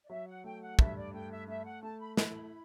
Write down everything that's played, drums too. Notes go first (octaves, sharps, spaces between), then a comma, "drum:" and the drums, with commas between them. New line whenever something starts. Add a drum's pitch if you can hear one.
D5
F#3 E5
F#5
A3 G5
F#5
G2 E5, drum: kick
D5
A3 G5
E5
A3 E5
F#5
A3 A5
B5
E4 B5, drum: snare